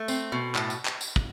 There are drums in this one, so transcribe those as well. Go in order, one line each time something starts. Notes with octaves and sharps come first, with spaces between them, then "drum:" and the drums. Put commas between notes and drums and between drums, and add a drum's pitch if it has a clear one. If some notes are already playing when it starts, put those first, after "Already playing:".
Already playing: A3
C4, drum: tambourine
B2
A2, drum: clap
drum: tambourine
drum: clap
drum: tambourine
drum: kick